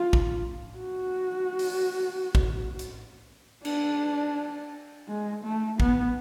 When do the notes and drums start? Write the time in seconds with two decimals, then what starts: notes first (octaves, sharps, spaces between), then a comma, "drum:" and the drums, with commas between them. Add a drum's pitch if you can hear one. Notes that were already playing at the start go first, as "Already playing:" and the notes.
Already playing: F4
0.13 drum: kick
0.78 F#4
1.59 drum: open hi-hat
2.35 drum: kick
2.79 drum: hi-hat
3.65 D4, drum: cymbal
5.08 G#3
5.44 A3
5.80 B3, drum: kick